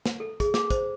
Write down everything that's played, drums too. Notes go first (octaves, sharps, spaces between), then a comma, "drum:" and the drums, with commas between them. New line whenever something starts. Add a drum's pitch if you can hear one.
drum: snare
A4
G#4, drum: kick, hi-hat
D6, drum: snare
C5, drum: kick, hi-hat